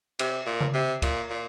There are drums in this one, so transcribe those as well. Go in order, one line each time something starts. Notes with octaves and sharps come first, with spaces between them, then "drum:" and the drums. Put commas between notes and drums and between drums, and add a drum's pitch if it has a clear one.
C3, drum: cymbal
A#2
drum: tom C#3
C3
A#2, drum: kick D2, cymbal
A#2